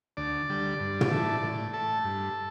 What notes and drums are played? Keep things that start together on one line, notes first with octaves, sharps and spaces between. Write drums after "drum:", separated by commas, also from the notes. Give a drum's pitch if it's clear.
D2 D5
D3 G3
G2
drum: tom
E3 A3
A2
A3 A4
G2